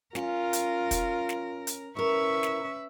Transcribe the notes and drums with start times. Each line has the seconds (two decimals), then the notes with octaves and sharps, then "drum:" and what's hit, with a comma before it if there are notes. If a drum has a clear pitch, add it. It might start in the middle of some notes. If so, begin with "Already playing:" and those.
0.15 C#4 F4 A#4, drum: snare
0.53 drum: hi-hat
0.91 drum: kick, hi-hat
1.29 drum: snare
1.67 drum: hi-hat
1.97 C#4 E4 A#4 B4 E5 C#6
2.43 drum: snare